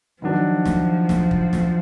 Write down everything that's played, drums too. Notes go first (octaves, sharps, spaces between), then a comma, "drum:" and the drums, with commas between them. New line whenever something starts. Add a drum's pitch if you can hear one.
D#3 F3 F#3 D4
drum: snare
drum: snare
drum: kick
drum: snare